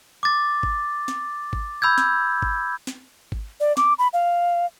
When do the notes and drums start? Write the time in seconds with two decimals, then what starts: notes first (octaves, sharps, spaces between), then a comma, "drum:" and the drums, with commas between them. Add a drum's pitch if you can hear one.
0.23 D6 A6
0.63 drum: kick G#1
1.08 drum: snare
1.53 drum: kick G#1
1.82 B5 E6 G6 G#6
1.98 drum: snare
2.42 drum: kick G#1
2.87 drum: snare
3.32 drum: kick G#1
3.60 D5
3.77 D6, drum: snare
3.99 B5
4.13 F5